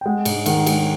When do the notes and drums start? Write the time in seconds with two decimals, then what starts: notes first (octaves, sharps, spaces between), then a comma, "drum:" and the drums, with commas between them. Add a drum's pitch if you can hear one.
0.01 G5
0.06 G#3 F#5
0.25 G#2, drum: cymbal
0.46 D#3 F#5, drum: cymbal
0.66 G#3, drum: cymbal